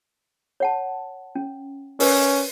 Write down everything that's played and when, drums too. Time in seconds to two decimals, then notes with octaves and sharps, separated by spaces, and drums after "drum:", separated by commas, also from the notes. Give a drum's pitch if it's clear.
0.60 C#5 F#5 A5
1.35 C#4
2.00 C#4 A#4 B4, drum: open hi-hat